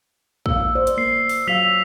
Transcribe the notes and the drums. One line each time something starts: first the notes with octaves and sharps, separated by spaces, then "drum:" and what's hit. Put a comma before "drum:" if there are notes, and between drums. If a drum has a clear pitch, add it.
A#3 F5 E6, drum: kick
C5 D5
drum: hi-hat
A#3 C7
drum: open hi-hat
F#3 F5 E6 B6 F7